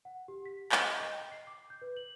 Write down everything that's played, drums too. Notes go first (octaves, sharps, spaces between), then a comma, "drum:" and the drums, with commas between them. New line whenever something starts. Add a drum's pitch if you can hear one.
F#5
G4
B6
D#5, drum: clap
D#5
G5
C7
D6
G6
B4
F#7